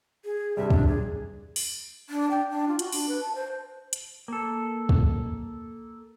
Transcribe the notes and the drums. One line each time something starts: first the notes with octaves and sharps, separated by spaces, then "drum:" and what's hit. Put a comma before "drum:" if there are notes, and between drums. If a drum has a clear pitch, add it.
G#4
G2 C3 G3 E5
D4, drum: kick
G#4
drum: open hi-hat
D4
G5
D4
F4
F#4, drum: hi-hat
D4, drum: open hi-hat
B4
A5
C5
drum: hi-hat
A#3 A4
drum: kick